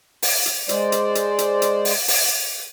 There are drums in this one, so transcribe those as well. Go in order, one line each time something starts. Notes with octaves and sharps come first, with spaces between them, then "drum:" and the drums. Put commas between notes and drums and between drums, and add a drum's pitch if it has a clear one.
drum: open hi-hat
drum: hi-hat
G#3 C5 D5, drum: hi-hat
drum: hi-hat
drum: hi-hat
drum: hi-hat
drum: hi-hat
drum: open hi-hat
drum: open hi-hat